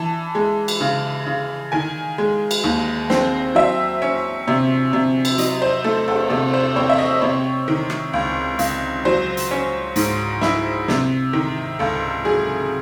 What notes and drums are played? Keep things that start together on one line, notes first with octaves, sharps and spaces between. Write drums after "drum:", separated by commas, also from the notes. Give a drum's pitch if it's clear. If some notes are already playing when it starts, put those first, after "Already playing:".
Already playing: E3 A5
G#3
drum: cymbal
C#3
C#3
D#3 G#5
G#3
drum: cymbal
D#2
C4, drum: snare
F#3 E5
C#4
C3
C3
drum: cymbal
F#3 D#5, drum: hi-hat
C5
A3 A4
A4, drum: cymbal
C3 A4
C5
C4 C#5
E5
D#5
C3 C#5
D#3
drum: rim click
C#2
C#2, drum: hi-hat
F#3 C5
drum: hi-hat
C#4
G#2, drum: hi-hat
E4, drum: snare
C3, drum: snare
D#3
C#2 A4
F#3 G#4